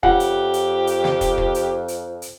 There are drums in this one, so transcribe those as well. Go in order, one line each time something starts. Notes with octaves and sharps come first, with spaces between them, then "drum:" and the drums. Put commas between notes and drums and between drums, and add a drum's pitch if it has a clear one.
F2 F4 G4 C#5 F#5, drum: kick
drum: hi-hat
drum: hi-hat
drum: hi-hat
drum: snare
drum: kick, hi-hat
drum: kick
drum: hi-hat
drum: hi-hat
drum: hi-hat